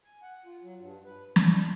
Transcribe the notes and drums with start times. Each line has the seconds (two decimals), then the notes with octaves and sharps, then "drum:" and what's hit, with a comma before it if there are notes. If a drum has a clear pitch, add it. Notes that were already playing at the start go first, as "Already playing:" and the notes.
0.04 G#5
0.22 F#5
0.46 F4
0.63 F#3
0.80 G2
1.05 B4
1.36 A#2, drum: snare
1.50 D4